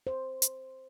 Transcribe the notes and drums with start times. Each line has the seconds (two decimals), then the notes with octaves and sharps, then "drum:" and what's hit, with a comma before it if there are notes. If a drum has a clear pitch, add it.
0.07 C5
0.42 drum: hi-hat